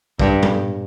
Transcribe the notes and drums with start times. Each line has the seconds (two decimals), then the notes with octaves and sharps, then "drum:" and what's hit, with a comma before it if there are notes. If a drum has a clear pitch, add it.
0.19 G2, drum: kick
0.43 drum: tom A2